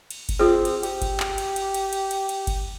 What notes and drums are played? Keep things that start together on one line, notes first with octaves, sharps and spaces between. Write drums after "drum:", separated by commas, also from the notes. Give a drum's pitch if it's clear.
drum: cymbal
drum: kick G1, cymbal
C4 F4 G#4
drum: cymbal
G4, drum: cymbal
drum: kick G1, cymbal
drum: clap
drum: cymbal
drum: cymbal
drum: cymbal
drum: cymbal
drum: cymbal
drum: cymbal
drum: kick G1, cymbal